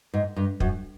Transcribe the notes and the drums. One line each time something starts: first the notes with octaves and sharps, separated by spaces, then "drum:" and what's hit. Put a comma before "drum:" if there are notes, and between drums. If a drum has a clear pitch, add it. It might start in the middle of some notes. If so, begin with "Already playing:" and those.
G#2
G2
F#2, drum: kick